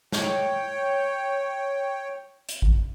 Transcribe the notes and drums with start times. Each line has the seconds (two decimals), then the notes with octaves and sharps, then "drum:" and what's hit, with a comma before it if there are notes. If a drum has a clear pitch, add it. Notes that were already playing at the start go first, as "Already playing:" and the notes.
0.12 C#5 G5, drum: snare
2.49 drum: hi-hat
2.62 drum: kick